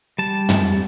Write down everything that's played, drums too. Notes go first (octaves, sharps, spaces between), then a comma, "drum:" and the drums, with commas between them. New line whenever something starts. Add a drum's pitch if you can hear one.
G3 A5
drum: tom